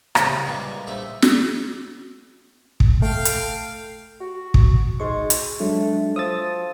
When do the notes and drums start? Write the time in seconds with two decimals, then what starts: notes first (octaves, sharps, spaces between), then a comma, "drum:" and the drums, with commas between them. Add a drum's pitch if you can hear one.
0.15 C2 A2 C#3, drum: rim click
0.45 A#2 E3 G3 G#3
0.87 A#1 A3 E5 G5 D#6
1.22 drum: snare
2.80 drum: kick
3.02 A3 A4 F5 G5
3.25 drum: hi-hat
4.21 F#4
4.54 drum: kick
5.00 G#2 C6 C#6
5.30 drum: hi-hat
5.60 F#3 G#3 A3 D4
6.16 F3 D#6 E6 A6